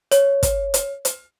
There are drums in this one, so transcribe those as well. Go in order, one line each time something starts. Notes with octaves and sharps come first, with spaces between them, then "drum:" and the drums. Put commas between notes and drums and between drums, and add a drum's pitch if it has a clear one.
C#5, drum: hi-hat
drum: kick, hi-hat
drum: hi-hat
drum: hi-hat